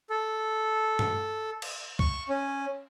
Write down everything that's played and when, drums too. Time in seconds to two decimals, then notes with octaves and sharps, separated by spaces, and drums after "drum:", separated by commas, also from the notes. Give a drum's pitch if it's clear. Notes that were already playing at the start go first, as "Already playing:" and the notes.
0.10 A4
0.99 drum: tom G2
1.62 drum: cymbal
1.99 C#6, drum: kick C#2
2.29 C#4